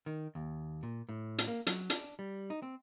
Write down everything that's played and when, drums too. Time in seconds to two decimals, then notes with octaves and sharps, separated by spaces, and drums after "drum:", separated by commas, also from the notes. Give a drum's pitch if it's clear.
0.06 D#3
0.35 D#2
0.83 A#2
1.09 A2
1.38 drum: hi-hat
1.48 A#3
1.67 F#3, drum: hi-hat
1.90 D4, drum: hi-hat
2.19 G3
2.50 D#4
2.62 C4